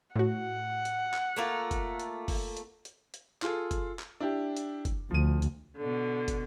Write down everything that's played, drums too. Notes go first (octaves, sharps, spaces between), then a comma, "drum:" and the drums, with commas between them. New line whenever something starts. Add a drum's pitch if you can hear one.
A2 F#4 F#5
drum: hi-hat
drum: clap
A3 A#3 F4
drum: kick, hi-hat
drum: hi-hat
drum: kick, open hi-hat
drum: hi-hat
drum: hi-hat
drum: hi-hat
F4 G#4 A4, drum: clap
drum: kick, hi-hat
drum: clap
D4 E4 G4
drum: hi-hat
drum: kick, hi-hat
D2 F3 D#7
drum: hi-hat
B2 D3
drum: kick, hi-hat